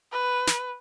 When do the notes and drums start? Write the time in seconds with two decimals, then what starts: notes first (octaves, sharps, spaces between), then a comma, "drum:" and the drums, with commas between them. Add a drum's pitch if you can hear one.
0.12 B4
0.48 drum: snare